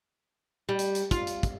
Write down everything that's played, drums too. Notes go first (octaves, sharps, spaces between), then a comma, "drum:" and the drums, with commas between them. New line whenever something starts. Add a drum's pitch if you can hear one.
G3
drum: hi-hat
drum: hi-hat
F4, drum: kick, hi-hat
drum: hi-hat
drum: kick, hi-hat